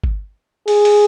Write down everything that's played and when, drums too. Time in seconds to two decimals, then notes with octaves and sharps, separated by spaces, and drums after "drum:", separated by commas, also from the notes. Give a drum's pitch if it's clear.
0.04 drum: kick G1
0.68 G#4, drum: open hi-hat
0.85 drum: open hi-hat